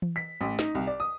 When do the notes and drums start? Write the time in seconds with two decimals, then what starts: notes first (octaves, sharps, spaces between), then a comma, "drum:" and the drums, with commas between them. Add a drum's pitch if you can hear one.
0.02 drum: tom E3
0.16 B6
0.41 A1
0.59 D#4, drum: snare
0.75 C2
0.87 D5
1.00 D#6